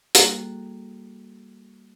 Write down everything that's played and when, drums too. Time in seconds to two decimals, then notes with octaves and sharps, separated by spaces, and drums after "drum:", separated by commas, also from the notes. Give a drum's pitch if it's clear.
0.15 G3 A#3 F#4 G#4 A4, drum: hi-hat